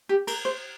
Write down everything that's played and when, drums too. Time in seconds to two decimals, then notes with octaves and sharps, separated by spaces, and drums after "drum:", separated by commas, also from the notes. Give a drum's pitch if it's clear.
0.09 G4
0.27 A#4, drum: cymbal
0.45 C5